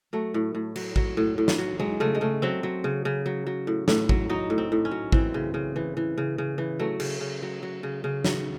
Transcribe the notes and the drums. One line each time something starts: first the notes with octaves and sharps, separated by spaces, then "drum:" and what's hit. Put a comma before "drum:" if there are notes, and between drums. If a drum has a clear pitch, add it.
F#3 A3
A2
A2
F#3, drum: cymbal
F#3, drum: kick A1
A2
A2
drum: snare
F#3
F#3 G#3
C#3 A3
G#3
C#3 A3
F#3 C4
F#3
C#3
C#3
F#3
F#3
A2
A2, drum: snare
F#3, drum: kick A1
F#3 D#4
A2
C4
A2
C#4
F#3
E3 C4, drum: kick A1
C#3
C#3
E3
E3
C#3
C#3
E3
F#3 A3
C#3, drum: cymbal
C#3
F#3
F#3
C#3
C#3
F#3, drum: snare